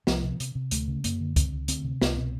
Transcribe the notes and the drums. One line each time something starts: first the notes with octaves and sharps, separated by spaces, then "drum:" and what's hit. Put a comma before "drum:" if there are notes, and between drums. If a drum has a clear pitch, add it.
C2 F3, drum: snare
C3
C3, drum: hi-hat
C3
D2 A3, drum: hi-hat
C#3
F#2 A#3, drum: hi-hat
D3
C#2 C4, drum: kick, hi-hat
C#2
D2 C4, drum: hi-hat
C3
C2, drum: snare
B2 C4